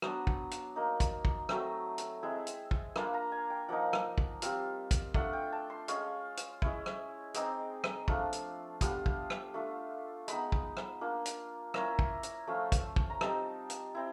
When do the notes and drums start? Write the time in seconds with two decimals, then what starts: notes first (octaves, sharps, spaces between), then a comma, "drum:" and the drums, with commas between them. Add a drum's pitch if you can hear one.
0.02 F#3 B3 D4 D#6, drum: rim click
0.27 drum: kick
0.51 drum: hi-hat
0.76 A#3 D#4
1.00 drum: kick, hi-hat
1.25 drum: kick
1.49 F#3 A3 C4 D#6, drum: rim click
1.98 drum: hi-hat
2.23 G#3 C4 E4
2.47 drum: hi-hat
2.71 drum: kick
2.96 A#3 D4 F4 B5, drum: rim click
3.14 A#5
3.32 G#5
3.50 G5
3.68 F3 A#3 D#4 F#5
3.93 drum: rim click
4.18 drum: kick
4.42 G3 C4 F4, drum: hi-hat
4.91 drum: kick, hi-hat
5.14 A3 D4 F4 F#5, drum: kick
5.33 G5
5.52 A5
5.70 C6
5.88 G#3 C#4 F4 C#6, drum: hi-hat
6.37 drum: hi-hat
6.62 G#3 C#4 E4, drum: kick
6.86 drum: rim click
7.34 G#3 C4 D#4 D6, drum: hi-hat
7.84 drum: rim click
8.08 F3 A3 D4 F4, drum: kick
8.33 drum: hi-hat
8.81 G3 B3 D4 F4 D#6, drum: kick, hi-hat
9.06 drum: kick
9.30 drum: rim click
9.54 A3 D4 F4
10.28 G#3 B3 D#4 B5, drum: hi-hat
10.52 drum: kick
10.77 drum: rim click
11.01 A#3 D4 F4
11.26 drum: hi-hat
11.74 A#3 C#4 E4 A#5, drum: rim click
11.99 drum: kick
12.23 drum: hi-hat
12.47 F3 A3 C#4 F4
12.72 drum: kick, hi-hat
12.96 drum: kick
13.10 A#5
13.21 G3 C4 D#4 A5, drum: rim click
13.70 drum: hi-hat
13.95 C4 E4